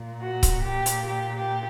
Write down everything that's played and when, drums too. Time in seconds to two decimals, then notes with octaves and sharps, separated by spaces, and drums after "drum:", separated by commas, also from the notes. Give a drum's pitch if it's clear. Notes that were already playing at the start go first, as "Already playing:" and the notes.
Already playing: A#2
0.21 F#4
0.43 drum: kick C#1, hi-hat
0.64 G4
0.86 drum: hi-hat
1.07 G4
1.36 G4